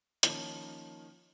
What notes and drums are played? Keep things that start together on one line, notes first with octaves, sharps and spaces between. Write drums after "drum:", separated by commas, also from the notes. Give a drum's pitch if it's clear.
D#3 F3 A#3 C#4, drum: hi-hat